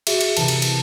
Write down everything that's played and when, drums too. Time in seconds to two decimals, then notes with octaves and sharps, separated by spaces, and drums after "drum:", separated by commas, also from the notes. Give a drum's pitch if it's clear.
0.07 F#4 G#4 E5, drum: cymbal
0.21 drum: cymbal
0.37 C3 E3 A#4 A5, drum: cymbal
0.48 drum: cymbal
0.62 drum: cymbal